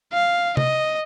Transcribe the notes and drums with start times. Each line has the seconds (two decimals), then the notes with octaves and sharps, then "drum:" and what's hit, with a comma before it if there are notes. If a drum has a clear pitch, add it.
0.13 F5
0.57 D#5, drum: tom C3